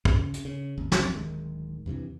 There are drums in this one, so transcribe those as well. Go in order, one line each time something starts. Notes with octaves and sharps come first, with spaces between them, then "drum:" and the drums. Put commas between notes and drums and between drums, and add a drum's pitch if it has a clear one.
C#3, drum: kick
drum: hi-hat
C#3
G#1 D#2
F1 B1 F#2 C3, drum: snare
D1 D#3 G#3
E2 G2 C3 E3